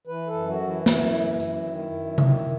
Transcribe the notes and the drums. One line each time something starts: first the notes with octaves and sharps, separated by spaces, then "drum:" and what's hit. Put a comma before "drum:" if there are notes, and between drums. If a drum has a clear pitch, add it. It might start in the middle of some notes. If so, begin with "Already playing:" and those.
E3 B4
A4
F#2
F#4
E3
E4
F#2 E4, drum: snare
E3
F#2, drum: tambourine
D#3
F#2
D#3, drum: tom C3